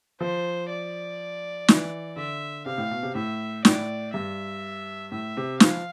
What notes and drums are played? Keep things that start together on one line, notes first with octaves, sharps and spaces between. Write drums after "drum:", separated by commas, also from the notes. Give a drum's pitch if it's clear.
F3 C5
D5
E3, drum: snare
D3 E5
C3 F5
A2
B2
C3
A2 E5
A2 D5, drum: snare
G2 E5
A2 E5
C3
F3 F5, drum: snare